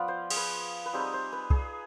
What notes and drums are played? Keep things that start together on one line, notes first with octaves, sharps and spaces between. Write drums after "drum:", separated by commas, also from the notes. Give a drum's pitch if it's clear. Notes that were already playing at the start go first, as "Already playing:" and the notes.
Already playing: F3 B3 F4 D5
C5
G#4, drum: cymbal
B4
B4
G3 C4 D#4 G#4
C5
B4
G#4, drum: kick